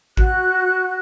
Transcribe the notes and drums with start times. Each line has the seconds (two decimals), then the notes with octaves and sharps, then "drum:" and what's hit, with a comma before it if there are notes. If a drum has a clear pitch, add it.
0.17 F#4 F#6, drum: kick